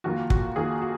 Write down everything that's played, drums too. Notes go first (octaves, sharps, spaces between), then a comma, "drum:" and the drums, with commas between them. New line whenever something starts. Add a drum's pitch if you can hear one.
F2 D#3 A#3 F4 F#4
F#4, drum: kick
F2 D#3 A#3 F4 G#4
F#4